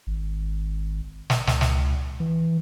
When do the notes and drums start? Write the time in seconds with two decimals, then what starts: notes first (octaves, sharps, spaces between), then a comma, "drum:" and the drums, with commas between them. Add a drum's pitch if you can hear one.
0.07 G#1
1.30 drum: snare
1.47 C#2, drum: snare
1.61 drum: snare
2.20 E3